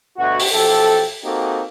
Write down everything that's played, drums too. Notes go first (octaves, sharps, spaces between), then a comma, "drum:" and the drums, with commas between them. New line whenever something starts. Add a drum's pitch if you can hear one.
D2 B2 D3 F#4
drum: open hi-hat
B1 F3 G4 A4
A#3 C4 D#4 F#4 G4 A4